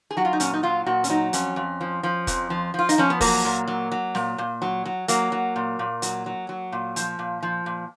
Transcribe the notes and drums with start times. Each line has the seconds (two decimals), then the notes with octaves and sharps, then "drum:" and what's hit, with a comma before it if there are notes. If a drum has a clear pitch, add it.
0.11 G#4
0.17 F#3 F#4
0.25 F4
0.33 D#4
0.40 A#2 C#4, drum: hi-hat
0.54 D#4
0.63 F#3 F4
0.86 A#2 F#4
1.04 C#4, drum: hi-hat
1.10 F#3 D#4
1.33 F2 C#4, drum: hi-hat
1.56 F2
1.81 F3
2.03 F3
2.27 F2, drum: kick F1, hi-hat
2.50 F3
2.74 F3 F4
2.89 D#4, drum: hi-hat
2.98 F3 C#4
3.10 B3
3.21 F#3 A#3, drum: kick F1, open hi-hat
3.45 A#2
3.68 F#3
3.92 F#3
4.15 A#2, drum: snare
4.38 A#2
4.62 F#3
4.86 F#3
5.08 F#3 A#3, drum: hi-hat
5.32 F#3
5.56 A#2
5.79 A#2
6.02 F#3, drum: hi-hat
6.26 F#3
6.49 F#3
6.72 A#2
6.96 F3, drum: hi-hat
7.19 A#2
7.43 F3
7.66 A#2